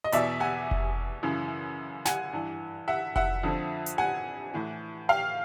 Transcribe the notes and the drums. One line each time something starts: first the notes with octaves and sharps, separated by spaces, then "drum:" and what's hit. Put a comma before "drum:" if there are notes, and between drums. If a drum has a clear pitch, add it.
D#5
E2 B2 D5 E5, drum: hi-hat
F#5 G#5
drum: kick F1
F#2 C#3 E3
F#5 G#5, drum: snare
G2 E3
E5 F#5
E5 F#5, drum: kick F1
F2 D3 F3
drum: hi-hat
F#5 G#5
A2 E3
F5 G5